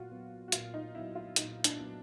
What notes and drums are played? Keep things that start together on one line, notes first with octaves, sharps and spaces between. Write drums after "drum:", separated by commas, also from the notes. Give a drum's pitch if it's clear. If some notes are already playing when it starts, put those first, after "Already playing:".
Already playing: A#2 F#3 B3 F4 F#4
F#3 B3
F#4
A#2 F4, drum: hi-hat
D#4
F#3 B3 E4
F4
A#2 D#4, drum: hi-hat
D4, drum: hi-hat
F#3 B3